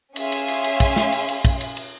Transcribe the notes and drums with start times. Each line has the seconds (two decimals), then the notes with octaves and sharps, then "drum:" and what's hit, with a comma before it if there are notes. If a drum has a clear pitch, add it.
0.16 C#4 G#4 E5 F5 G#5 C6, drum: cymbal
0.32 drum: cymbal
0.48 drum: cymbal
0.64 drum: cymbal
0.80 drum: kick, cymbal
0.96 drum: snare
1.12 drum: cymbal
1.29 drum: cymbal
1.45 drum: kick, cymbal
1.61 drum: cymbal
1.77 drum: cymbal